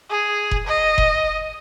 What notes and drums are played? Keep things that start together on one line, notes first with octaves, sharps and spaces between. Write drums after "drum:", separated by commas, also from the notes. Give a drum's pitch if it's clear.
G#4
drum: kick F1
D#5
drum: kick F1